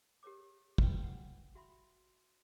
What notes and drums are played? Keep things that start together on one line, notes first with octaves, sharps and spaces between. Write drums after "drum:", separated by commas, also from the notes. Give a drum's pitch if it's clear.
G4 A#4 C#5 D6
B4 G5, drum: kick
F#5
F#4 E5 B5 C6